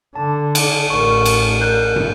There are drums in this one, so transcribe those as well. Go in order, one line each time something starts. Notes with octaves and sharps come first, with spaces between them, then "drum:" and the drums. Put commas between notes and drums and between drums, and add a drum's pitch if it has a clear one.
D3 A5
drum: cymbal
A1 A#4 C#6
drum: cymbal
A#4 F#6 G6
drum: tom